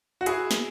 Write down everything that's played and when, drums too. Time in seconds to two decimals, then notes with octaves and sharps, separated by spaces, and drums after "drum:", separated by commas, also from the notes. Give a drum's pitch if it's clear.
0.21 F#4
0.26 E4 G#4, drum: hi-hat
0.51 drum: snare